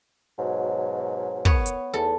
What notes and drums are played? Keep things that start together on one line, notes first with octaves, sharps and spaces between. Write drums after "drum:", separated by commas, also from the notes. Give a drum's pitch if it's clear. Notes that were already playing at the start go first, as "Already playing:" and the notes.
G#2 B2 F#3
B3 C#5, drum: kick
drum: hi-hat
E2 A4